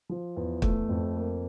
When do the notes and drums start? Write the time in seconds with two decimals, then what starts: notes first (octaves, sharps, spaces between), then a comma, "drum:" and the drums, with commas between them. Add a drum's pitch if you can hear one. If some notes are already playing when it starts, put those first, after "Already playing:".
0.09 F3
0.36 E2
0.62 A3, drum: kick
0.89 F2
1.16 A#3